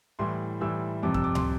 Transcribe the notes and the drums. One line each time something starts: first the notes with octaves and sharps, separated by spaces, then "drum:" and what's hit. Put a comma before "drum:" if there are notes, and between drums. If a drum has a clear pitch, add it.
A2 E3 G3 C6
A2 E3 G3 E6
F2 C3 G3 D6
E6, drum: kick F#2
D6
C6, drum: tom C#2